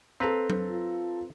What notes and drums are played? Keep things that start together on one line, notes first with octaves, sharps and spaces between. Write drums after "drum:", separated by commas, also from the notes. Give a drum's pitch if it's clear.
C4 A4 B4 F5 A#5
drum: tom F#3
F4